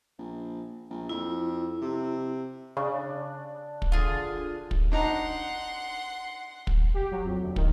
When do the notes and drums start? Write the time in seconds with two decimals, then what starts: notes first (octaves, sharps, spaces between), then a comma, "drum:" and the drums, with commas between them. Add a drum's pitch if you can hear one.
0.18 A#1
0.90 A#1
1.09 F2 E4
1.82 C3
2.77 C#3 D4
3.82 drum: kick
3.92 D3 F4 G#4
4.71 drum: kick
4.92 D4 D#4 F#5 A#5 C6
6.67 drum: kick
6.94 G4
7.11 F#3
7.24 F2
7.42 D2
7.56 D#3, drum: kick